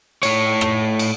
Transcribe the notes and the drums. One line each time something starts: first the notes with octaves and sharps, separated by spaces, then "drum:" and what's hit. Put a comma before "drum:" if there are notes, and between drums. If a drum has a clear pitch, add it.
A2 C#5, drum: cymbal
drum: rim click
drum: cymbal